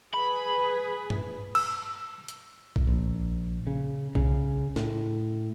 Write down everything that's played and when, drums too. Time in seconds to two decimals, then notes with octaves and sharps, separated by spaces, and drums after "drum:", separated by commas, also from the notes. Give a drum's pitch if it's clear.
0.14 G#4 B4 B5
1.10 drum: tom
1.55 E6, drum: cymbal
2.28 drum: hi-hat
2.76 drum: kick B1
2.87 A#1
3.67 C#3
4.15 C#3, drum: kick B1
4.76 A2, drum: snare D4